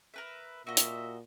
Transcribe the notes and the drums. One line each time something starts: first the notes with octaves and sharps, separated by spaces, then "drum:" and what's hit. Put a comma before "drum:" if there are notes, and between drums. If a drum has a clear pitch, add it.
A#4 B4 E5
A#2 F#4 D#5 E5
drum: hi-hat